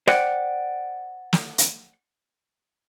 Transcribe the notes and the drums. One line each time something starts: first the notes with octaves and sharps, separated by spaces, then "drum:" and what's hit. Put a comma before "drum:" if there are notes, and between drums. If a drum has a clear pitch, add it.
C5 D5 F#5 G5, drum: rim click
drum: snare
drum: hi-hat